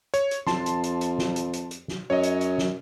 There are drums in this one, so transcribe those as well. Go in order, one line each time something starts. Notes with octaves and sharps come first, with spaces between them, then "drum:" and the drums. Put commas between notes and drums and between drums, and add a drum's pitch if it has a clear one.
C#5, drum: hi-hat
drum: hi-hat
F2 A5 C6, drum: snare
drum: hi-hat
drum: hi-hat
drum: hi-hat
drum: snare
drum: hi-hat
drum: hi-hat
drum: hi-hat
drum: snare
F#2 C#5 D#5
drum: hi-hat
drum: hi-hat
drum: snare